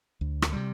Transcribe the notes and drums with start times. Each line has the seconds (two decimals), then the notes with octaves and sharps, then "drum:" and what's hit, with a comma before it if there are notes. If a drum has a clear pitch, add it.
0.21 D2
0.42 drum: rim click
0.53 C3 G3